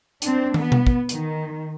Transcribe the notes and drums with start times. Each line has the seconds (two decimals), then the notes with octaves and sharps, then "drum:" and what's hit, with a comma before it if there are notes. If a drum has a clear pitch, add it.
0.22 C4 D4, drum: hi-hat
0.54 B3, drum: tom
0.72 drum: tom B2
0.87 drum: kick
1.09 D#3, drum: hi-hat